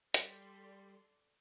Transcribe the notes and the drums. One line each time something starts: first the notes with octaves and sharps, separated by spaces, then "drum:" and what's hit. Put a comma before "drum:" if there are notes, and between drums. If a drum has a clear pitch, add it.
G3 A4 D5 C6, drum: hi-hat